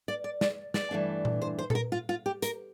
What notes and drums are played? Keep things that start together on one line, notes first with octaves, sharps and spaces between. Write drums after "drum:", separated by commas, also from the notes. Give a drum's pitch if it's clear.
D5
D5
D5, drum: snare
D5, drum: snare
G2 E3 A3 D4
drum: tom A#2
C5
C5
A4, drum: tom A#2
A#4
F4
F4
G4
A#4, drum: hi-hat